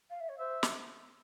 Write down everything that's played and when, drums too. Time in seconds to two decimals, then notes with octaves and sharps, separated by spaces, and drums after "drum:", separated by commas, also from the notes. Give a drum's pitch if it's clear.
0.10 F5
0.20 E5
0.29 C#5
0.39 C5 E5
0.63 drum: snare